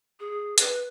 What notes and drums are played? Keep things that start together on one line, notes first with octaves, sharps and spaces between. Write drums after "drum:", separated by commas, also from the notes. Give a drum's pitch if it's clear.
G#4
B4, drum: hi-hat